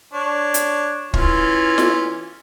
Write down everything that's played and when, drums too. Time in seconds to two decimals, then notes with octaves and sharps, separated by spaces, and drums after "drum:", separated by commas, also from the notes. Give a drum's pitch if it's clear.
0.13 D4 C#5
0.54 drum: hi-hat
1.14 E3 C#4 F4, drum: kick
1.78 drum: snare